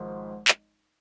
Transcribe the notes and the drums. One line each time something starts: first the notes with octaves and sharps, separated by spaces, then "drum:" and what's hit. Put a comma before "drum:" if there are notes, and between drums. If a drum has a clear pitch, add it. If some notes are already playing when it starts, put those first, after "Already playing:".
Already playing: G#1 G#2 F3
drum: clap